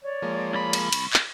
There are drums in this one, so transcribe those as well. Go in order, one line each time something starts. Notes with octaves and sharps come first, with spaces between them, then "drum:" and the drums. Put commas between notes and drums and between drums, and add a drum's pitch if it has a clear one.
C#5 D5
F3 G#3 A#3
C2 B5
drum: cymbal
C#6, drum: cymbal
drum: clap